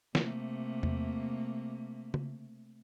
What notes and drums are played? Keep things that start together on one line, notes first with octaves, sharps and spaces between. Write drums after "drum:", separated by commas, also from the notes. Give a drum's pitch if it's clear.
C3 A3 A#3, drum: snare
drum: tom E2
drum: tom C#3